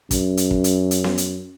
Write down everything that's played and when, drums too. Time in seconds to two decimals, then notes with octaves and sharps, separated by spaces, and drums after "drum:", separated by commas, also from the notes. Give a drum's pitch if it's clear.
0.11 F#2, drum: kick, hi-hat
0.37 drum: hi-hat
0.51 drum: kick
0.64 drum: hi-hat
0.91 drum: hi-hat
1.04 drum: snare B3
1.18 drum: hi-hat